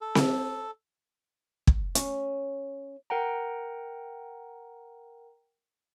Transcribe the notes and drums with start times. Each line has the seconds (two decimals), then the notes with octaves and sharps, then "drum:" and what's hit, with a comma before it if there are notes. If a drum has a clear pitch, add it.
0.01 A4
0.15 drum: snare C4
1.67 drum: kick
1.95 C#4, drum: hi-hat
3.10 A#4 F#5 G5 A#5